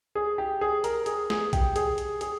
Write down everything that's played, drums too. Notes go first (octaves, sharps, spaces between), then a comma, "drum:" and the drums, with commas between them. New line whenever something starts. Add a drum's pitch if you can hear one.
G#4
G4
G#4
A#4, drum: hi-hat
G#4, drum: hi-hat
G#4, drum: snare
G4, drum: kick A#1, hi-hat
G#4, drum: hi-hat
drum: hi-hat
G#4, drum: hi-hat